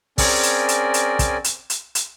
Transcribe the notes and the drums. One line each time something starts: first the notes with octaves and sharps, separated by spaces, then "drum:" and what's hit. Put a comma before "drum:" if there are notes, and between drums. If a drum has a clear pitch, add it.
C4 C#4 G#4 A#4 D5, drum: kick, open hi-hat
drum: hi-hat
drum: hi-hat
drum: hi-hat
drum: kick, hi-hat
drum: hi-hat
drum: hi-hat
drum: hi-hat